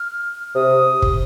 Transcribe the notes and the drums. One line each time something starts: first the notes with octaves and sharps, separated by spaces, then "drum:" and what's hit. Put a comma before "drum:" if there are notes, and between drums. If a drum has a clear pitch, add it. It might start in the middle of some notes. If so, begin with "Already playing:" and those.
Already playing: F6
C3 D#6
drum: kick G1